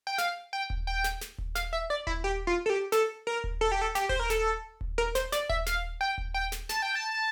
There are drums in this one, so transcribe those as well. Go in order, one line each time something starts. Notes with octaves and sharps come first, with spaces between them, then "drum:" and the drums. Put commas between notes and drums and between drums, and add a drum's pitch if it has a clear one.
G5
F5, drum: snare
G5
drum: kick D#1
G5
drum: snare
drum: snare
drum: kick D#1
F5, drum: snare
E5
D5
E4, drum: kick D#1
G4
F4
A4
G4
A4, drum: snare
A#4
drum: kick D#1
A4
G4
A4
G4, drum: snare
C5, drum: kick D#1
A#4
A4, drum: snare
drum: kick D#1
A#4
C5, drum: snare
D5, drum: snare
E5, drum: kick D#1
F5, drum: snare
G5
drum: kick D#1
G5
drum: snare
A5, drum: snare
G5
A5